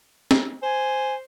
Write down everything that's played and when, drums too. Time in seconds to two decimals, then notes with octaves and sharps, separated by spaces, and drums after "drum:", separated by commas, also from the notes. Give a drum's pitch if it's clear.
0.31 drum: snare
0.63 C5 G#5